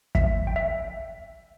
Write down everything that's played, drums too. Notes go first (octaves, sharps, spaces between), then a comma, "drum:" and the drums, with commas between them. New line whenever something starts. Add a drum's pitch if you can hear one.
E5, drum: kick
G5
E5